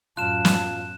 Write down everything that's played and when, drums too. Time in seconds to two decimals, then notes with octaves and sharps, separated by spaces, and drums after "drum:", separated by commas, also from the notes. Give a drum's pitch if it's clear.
0.17 F#2 A2 F4 A5 F#6 E7
0.45 drum: snare